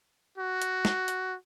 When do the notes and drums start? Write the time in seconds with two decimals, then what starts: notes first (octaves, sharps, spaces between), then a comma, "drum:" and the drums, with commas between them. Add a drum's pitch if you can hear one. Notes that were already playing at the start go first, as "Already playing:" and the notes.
0.38 F#4
0.62 drum: hi-hat
0.85 drum: snare
1.08 drum: hi-hat